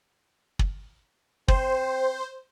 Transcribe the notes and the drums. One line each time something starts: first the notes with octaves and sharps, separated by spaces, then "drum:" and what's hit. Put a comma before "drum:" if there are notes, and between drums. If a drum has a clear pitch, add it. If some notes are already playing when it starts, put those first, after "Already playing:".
drum: kick
C4 C5, drum: kick